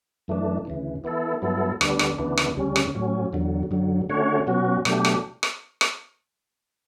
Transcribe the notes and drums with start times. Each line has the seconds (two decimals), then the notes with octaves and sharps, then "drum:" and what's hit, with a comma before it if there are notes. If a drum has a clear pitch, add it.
0.28 F#2 E3 A3 D4
0.65 D2 C#3 E3
1.04 E3 B3 E4 A4
1.42 G2 F#3 B3 E4 A4
1.81 D2 D3 G3 B3 D4, drum: rim click
1.99 drum: rim click
2.18 D2 C#3 E3 B3 D4
2.37 drum: rim click
2.57 D2 C#3 G3 C#4
2.76 drum: rim click
2.95 A2 F#3 C#4
3.33 E2 D3 F#3
3.71 F#2 D3 F#3
4.09 D3 A3 C#4 F#4 C#5
4.47 B2 F#3 C#4 F#4
4.85 B2 F#3 A3 D4 G4, drum: rim click
5.05 drum: rim click
5.43 drum: rim click
5.81 drum: rim click